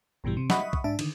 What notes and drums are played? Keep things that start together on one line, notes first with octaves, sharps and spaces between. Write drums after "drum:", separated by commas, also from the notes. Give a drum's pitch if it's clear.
A1 G2 B2 E3 G3
C3
D#5 E5 F#5 B5 C#6 D#6, drum: snare
drum: kick
G#2 D4 E5 A5
D3 D#3, drum: cymbal